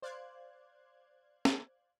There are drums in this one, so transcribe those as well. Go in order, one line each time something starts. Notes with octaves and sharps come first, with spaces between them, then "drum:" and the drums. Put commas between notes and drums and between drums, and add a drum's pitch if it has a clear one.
C5 D5 F5 F#6 G#6
drum: snare